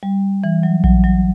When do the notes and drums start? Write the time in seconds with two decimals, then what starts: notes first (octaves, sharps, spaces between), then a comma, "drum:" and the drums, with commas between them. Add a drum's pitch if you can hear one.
0.03 G3
0.44 E3
0.63 F#3
0.84 F#3, drum: kick A#1
1.04 F#3